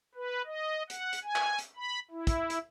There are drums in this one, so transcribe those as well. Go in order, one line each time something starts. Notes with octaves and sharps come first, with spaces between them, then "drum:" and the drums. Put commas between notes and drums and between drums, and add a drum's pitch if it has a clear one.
B4
D#5
F#5, drum: hi-hat
drum: hi-hat
G#5
drum: clap
drum: hi-hat
B5
E4
drum: kick, hi-hat
drum: hi-hat